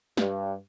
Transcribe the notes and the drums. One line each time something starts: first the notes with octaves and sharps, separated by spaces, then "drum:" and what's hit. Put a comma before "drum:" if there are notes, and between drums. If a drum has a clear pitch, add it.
G2, drum: snare